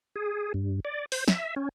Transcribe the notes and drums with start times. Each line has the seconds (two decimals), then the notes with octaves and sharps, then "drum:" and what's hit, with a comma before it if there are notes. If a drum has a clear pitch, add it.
0.16 G#4
0.54 G2
0.85 D5
1.12 C5, drum: open hi-hat
1.28 E5, drum: snare
1.56 C#4